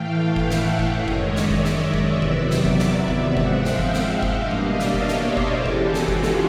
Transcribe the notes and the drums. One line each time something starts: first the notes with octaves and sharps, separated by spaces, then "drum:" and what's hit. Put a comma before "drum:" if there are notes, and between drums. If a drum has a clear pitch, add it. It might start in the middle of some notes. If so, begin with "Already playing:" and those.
Already playing: A2 E3 A3 F5 G5
E5 F#5, drum: kick F#1
drum: snare
drum: kick F#1
F#2 D#3 G#3 C#5 D#5
drum: kick F#1
D5 E5
drum: snare
D5 E5, drum: kick F#1
drum: snare
drum: kick F#1
E2 C3 D#3 F#3 B3
drum: kick F#1
drum: snare
drum: kick F#1
drum: snare
drum: kick F#1
G#2 F3 G#3 C4 E5 F#5
drum: kick F#1
F5 G5
drum: snare
E5 F#5, drum: kick F#1
drum: snare
drum: kick F#1
B2 G3 A#3 D4 D#5 F5
drum: kick F#1
D5 E5
drum: snare
C#5 D#5, drum: kick F#1
drum: snare
C5 D5
drum: kick F#1
C#3 E3 G#3 G4 A4
drum: kick F#1
F#4 G#4
drum: snare
F4 G4, drum: kick F#1
drum: snare